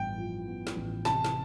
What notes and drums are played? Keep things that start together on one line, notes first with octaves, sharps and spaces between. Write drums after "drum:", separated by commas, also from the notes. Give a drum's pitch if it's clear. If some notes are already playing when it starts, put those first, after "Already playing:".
Already playing: A1 G2 F3 B3 G5
F3
B3
drum: snare
A1
C3 A5, drum: snare
drum: snare